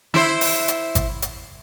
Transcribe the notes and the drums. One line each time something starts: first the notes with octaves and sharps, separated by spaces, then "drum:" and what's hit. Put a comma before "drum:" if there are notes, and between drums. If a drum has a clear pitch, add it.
E4 C5, drum: snare
drum: open hi-hat
drum: hi-hat
drum: kick G#1, hi-hat
drum: hi-hat